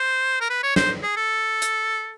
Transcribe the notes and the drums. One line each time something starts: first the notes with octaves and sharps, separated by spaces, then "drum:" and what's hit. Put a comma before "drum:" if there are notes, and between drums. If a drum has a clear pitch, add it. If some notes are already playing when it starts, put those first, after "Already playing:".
Already playing: C5
A#4
B4
C#5
C5, drum: snare
G#4
A4
drum: hi-hat